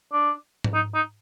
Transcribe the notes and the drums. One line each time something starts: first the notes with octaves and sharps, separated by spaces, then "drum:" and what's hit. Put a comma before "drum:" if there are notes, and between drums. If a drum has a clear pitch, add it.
D4
drum: tom G#2
D#4
D#4